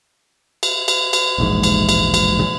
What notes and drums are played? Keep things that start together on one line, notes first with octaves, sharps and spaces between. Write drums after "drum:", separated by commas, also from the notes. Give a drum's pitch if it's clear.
drum: cymbal
drum: cymbal
drum: cymbal
E1 A#1 G#2
drum: cymbal
drum: cymbal
drum: cymbal
drum: tom